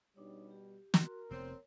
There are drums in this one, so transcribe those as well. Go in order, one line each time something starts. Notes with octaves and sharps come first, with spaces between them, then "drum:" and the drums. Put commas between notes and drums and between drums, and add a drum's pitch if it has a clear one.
B2 G3 D4 D#4 C#5
G4
F#4 A#4 C6, drum: snare
F1 F3 B3 C4 C#5